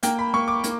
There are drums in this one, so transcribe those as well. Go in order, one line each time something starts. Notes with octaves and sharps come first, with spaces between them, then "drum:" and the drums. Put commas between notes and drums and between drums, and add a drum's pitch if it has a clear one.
A#3 G5, drum: hi-hat
B5
A#3 C#6
D6
A#3, drum: hi-hat